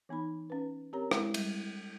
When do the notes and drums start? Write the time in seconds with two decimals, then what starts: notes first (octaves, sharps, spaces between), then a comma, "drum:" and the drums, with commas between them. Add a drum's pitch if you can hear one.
0.09 E3 B3 D#4 B5
0.50 C#4 B4
0.93 C4 G4 A#4 C#5 A#5
1.11 G#3 E4, drum: rim click
1.34 G3, drum: cymbal